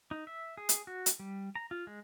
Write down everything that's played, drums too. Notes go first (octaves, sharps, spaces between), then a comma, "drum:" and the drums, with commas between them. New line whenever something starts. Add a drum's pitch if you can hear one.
D#4
E5
G#4
drum: hi-hat
F#4
drum: hi-hat
G3
A#5
F4
G#3